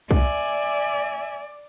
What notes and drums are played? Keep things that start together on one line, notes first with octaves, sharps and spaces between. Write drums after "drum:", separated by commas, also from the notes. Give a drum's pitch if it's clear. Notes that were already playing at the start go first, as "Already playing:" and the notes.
D5 E5 G#5, drum: kick